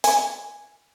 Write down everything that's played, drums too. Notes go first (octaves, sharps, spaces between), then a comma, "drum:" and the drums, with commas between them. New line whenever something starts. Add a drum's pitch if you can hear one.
G#5, drum: open hi-hat